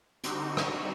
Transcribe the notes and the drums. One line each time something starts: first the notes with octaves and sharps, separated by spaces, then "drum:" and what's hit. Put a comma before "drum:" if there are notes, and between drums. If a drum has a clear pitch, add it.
D3 G3 C4 D#4 F#4, drum: hi-hat
drum: rim click